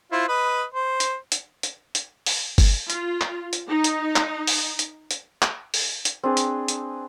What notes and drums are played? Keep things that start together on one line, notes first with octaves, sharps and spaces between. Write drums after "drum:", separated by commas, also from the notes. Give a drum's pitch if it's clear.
E4 F4 C5
B4 D#5 B5
C5
drum: hi-hat
drum: hi-hat
drum: hi-hat
drum: hi-hat
drum: open hi-hat
drum: kick G1, open hi-hat
F4, drum: hi-hat
drum: clap
drum: hi-hat
D#4
drum: hi-hat
drum: clap
drum: open hi-hat
drum: hi-hat
drum: hi-hat
drum: clap
drum: open hi-hat
drum: hi-hat
C4 D4 G#4 B4
drum: hi-hat
drum: hi-hat